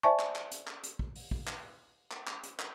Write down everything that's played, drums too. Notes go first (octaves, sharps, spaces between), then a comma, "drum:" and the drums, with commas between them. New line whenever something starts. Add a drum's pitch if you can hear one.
C5 D5 E5 G#5 A5 C#6
drum: clap
drum: clap
drum: hi-hat
drum: clap
drum: hi-hat
drum: kick
drum: open hi-hat
drum: kick
drum: clap
drum: clap
drum: clap
drum: hi-hat
drum: clap